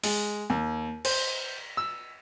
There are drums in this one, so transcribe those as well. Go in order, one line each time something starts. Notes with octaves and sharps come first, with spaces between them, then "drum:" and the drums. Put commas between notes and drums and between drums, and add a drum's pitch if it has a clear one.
G#3, drum: open hi-hat
D#2
C5, drum: cymbal
E6